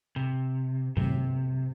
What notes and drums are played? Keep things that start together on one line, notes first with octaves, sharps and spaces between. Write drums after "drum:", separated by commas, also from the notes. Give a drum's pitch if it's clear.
C3
C3, drum: tom G2